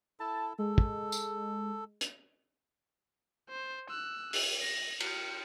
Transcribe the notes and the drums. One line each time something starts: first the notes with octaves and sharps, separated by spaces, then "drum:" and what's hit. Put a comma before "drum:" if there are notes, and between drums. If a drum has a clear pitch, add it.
E4 A4 A5
G#3 A4
drum: kick
drum: tambourine
drum: hi-hat
C5
E6 F#6
drum: open hi-hat
A#6
C#7, drum: cymbal